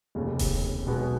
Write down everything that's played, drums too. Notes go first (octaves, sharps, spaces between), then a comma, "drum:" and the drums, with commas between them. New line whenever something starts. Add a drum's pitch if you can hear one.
F1 D#2 C#3
drum: kick D#1, open hi-hat
B1 B2 G#3 B3